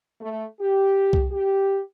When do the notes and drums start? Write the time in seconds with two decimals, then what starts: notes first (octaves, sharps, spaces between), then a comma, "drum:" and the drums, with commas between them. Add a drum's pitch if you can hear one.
0.20 A3
0.60 G4
1.13 drum: kick C2
1.31 G4